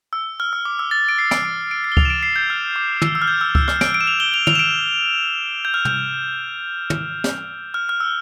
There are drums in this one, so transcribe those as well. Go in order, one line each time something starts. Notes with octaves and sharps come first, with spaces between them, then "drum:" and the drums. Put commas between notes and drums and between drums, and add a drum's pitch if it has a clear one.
E6
F6
E6
D6
E6
A6
D7
C7
D7, drum: snare
D7
D7
C7
G7
F7, drum: kick C#2
E7
D7
C7
G6
F6
D6
E6, drum: tom
E6
F6
G6
E6
E6, drum: kick C#2
F6, drum: rim click
D7, drum: snare
D7
E7
F7
G7
F7
F7, drum: tom
E7
D7
G6
F6
G6, drum: tom
drum: tom
drum: snare
F6
F6
E6